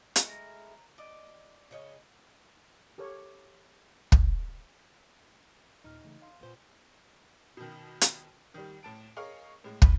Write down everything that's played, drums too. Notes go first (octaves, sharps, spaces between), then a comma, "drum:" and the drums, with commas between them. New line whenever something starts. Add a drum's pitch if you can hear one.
G#3 A3 E4 F#4, drum: hi-hat
A#4
D5 D#5
C#3 C#5 D#5
G4 A4 A#4 C#5
drum: kick
D#2 A#2 D#4 F6
C#3 E3 A3
F5 C6
A#2 B3 C5
B2 D#3
drum: hi-hat
D#3 G3
A2 A5 D7
G#4 A#4 C#5 D#5 F5
A2 G#3
D2 B5, drum: kick